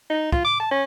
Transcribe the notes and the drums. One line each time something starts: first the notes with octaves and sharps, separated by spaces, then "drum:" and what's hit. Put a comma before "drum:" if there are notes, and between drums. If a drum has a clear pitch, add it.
D#4
F4, drum: kick
D6
A5
C#4